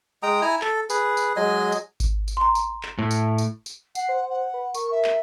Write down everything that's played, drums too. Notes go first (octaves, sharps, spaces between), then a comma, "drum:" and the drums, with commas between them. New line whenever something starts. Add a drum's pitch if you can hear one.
G#3 G5 A#5 D#6
E4 G#5 A#5
A4, drum: clap
G#4 B4, drum: tambourine
drum: tambourine
F#3 G#3 D#5 G#5
drum: tambourine
drum: kick G#1, tambourine
drum: tambourine
A#5 C6
drum: tambourine
drum: clap
A2
drum: tambourine
drum: tambourine
drum: tambourine
F#5 C7, drum: tambourine
C5
F#5
B4
A#4 C#6, drum: tambourine
E5
drum: clap